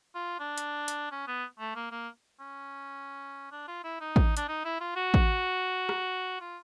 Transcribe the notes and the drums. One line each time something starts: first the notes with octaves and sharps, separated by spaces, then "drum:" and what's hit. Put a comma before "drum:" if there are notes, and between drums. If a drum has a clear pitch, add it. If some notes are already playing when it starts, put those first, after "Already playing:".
F4
D4
drum: hi-hat
drum: hi-hat
C#4
B3
A3
A#3
A#3
C#4
D4
F4
E4
D#4
drum: kick A1
D4, drum: hi-hat
D#4
E4
F4
F#4
drum: kick A1
drum: rim click
F4